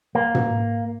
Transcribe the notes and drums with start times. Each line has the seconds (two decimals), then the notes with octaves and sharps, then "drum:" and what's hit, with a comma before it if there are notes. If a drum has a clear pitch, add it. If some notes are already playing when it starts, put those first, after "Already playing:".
0.15 A#3
0.35 drum: tom